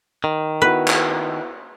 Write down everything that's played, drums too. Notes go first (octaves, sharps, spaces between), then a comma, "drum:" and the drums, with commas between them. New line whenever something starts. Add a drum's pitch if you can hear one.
D#3
B3 E4 F#4 B4
drum: clap